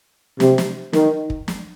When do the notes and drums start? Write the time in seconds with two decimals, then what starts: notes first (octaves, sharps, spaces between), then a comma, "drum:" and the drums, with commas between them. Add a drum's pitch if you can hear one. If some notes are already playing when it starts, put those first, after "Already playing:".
0.40 C3, drum: snare
0.58 drum: snare
0.93 D#3, drum: snare
1.30 drum: kick
1.48 drum: snare